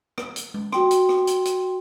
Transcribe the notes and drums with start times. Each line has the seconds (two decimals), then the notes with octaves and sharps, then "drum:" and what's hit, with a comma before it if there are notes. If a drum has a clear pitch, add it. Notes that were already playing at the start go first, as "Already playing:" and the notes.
0.18 drum: rim click
0.36 drum: hi-hat
0.54 drum: tom G#3
0.72 F#4 G5 C6, drum: rim click
0.91 drum: hi-hat
1.09 drum: rim click
1.27 drum: hi-hat
1.45 drum: hi-hat